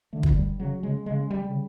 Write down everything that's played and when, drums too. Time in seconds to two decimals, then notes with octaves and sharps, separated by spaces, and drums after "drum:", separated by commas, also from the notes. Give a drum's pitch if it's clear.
0.13 D3 A3
0.23 drum: kick
0.36 G3
0.60 C#3 F#3
0.83 C#3 G#3
1.06 C#3 G#3
1.31 G3
1.49 C#3